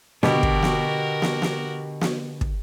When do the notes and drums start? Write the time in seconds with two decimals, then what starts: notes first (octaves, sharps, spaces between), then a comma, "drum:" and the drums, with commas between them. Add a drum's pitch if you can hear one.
0.23 B2 D3 F#4 G4 A#4, drum: snare
0.43 drum: kick
0.63 drum: snare
1.22 drum: snare
1.42 drum: snare
2.01 drum: snare
2.41 drum: kick